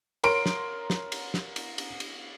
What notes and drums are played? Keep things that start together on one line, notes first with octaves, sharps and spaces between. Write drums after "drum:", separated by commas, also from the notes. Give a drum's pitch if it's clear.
A#4 C#5 C6 D7, drum: cymbal
drum: snare
drum: snare
drum: cymbal
drum: snare
drum: cymbal
drum: cymbal
drum: cymbal